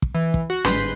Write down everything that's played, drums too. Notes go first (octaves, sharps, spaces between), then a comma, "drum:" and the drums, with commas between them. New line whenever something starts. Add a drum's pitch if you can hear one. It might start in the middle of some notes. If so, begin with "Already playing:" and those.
drum: kick
E3
drum: kick
F#4
G1 G#2 B4 C6 G6 C7, drum: snare